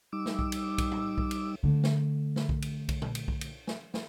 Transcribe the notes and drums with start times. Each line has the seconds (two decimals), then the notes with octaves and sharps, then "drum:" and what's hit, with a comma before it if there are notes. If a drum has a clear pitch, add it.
0.13 G3 D#4 D6 E6
0.26 drum: snare
0.39 drum: kick B1
0.52 drum: cymbal
0.78 drum: kick B1, cymbal
0.91 drum: tom A2
1.18 drum: kick B1
1.31 drum: cymbal
1.63 D3 A3
1.83 drum: snare
2.36 drum: snare
2.49 drum: kick B1
2.62 drum: cymbal
2.89 drum: kick B1, cymbal
3.02 drum: tom A#2
3.15 drum: cymbal
3.28 drum: kick B1
3.41 drum: cymbal
3.67 drum: snare
3.94 drum: snare